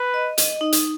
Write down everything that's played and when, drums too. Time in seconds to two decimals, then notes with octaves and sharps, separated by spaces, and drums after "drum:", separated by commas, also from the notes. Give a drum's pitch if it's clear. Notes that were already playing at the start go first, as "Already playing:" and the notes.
Already playing: B4
0.14 D#5
0.38 D#5, drum: hi-hat
0.61 D#4
0.73 drum: hi-hat